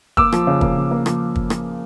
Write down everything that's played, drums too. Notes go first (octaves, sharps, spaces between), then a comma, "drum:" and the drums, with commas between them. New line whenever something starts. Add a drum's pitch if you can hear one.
A#3 D6 E6, drum: kick
F3, drum: rim click
C#3
A#3, drum: kick
C#3
A#3
F3, drum: rim click
drum: kick
drum: rim click